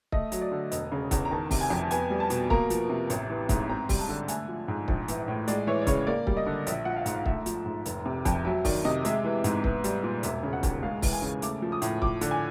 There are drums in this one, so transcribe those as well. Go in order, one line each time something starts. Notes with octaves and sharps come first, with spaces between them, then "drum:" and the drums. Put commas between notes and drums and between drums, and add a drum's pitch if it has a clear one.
A3 D#5, drum: kick C#1
F#3, drum: hi-hat
D5
D3
E1 D#5, drum: hi-hat
C#3
E2, drum: kick C#1, hi-hat
A#5
D#3 A5
C3, drum: kick C#1, open hi-hat
G#5
F2
A5
B3 G#5, drum: hi-hat
G3
A5
B2, drum: hi-hat
A#3 A#5, drum: kick C#1
F3, drum: hi-hat
C3
A1, drum: hi-hat
E3
G#2, drum: kick C#1, hi-hat
C4 A#5
G3, drum: kick C#1, open hi-hat
A5
D3
A3 G#5, drum: hi-hat
F3
G#2
A#1, drum: kick C#1
E3, drum: hi-hat
A2
G#3 D5, drum: hi-hat
E3 C#5
D5
C#3 C#5, drum: kick C#1, hi-hat
A#3 D5
G3, drum: kick C#1
D#5
D3
A#1 E5, drum: hi-hat
F3 F#5
F5
G#2, drum: hi-hat
F5
A3 E5, drum: kick C#1
F3, drum: hi-hat
G#2
F1, drum: hi-hat
C3
F2, drum: kick C#1, hi-hat
F#3 E5
D#3 D5, drum: kick C#1, open hi-hat
C3 D#5
G#3 E5, drum: hi-hat
E3
G#2, drum: hi-hat
B3, drum: kick C#1
G3, drum: hi-hat
A#2
E1 E5, drum: hi-hat
C#3
F#5
D#2, drum: kick C#1, hi-hat
G#3 F5
E3, drum: kick C#1, open hi-hat
G#5
C#3
A3 D6, drum: hi-hat
F3
D#6
A2, drum: hi-hat
F3 D6, drum: kick C#1
D3, drum: hi-hat
G#5